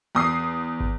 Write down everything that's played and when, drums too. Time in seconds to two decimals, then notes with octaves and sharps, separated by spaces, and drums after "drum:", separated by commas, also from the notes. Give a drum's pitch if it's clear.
0.15 E2 D#6 C7
0.80 drum: kick